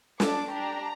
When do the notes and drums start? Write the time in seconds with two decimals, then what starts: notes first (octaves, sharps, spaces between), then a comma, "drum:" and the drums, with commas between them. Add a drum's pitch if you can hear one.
0.20 D4 A4 D6, drum: snare
0.49 D4 G4 A#5